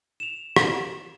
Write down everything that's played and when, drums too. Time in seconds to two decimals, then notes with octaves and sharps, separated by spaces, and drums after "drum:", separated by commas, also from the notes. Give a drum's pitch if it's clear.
0.20 E7 F7
0.56 drum: rim click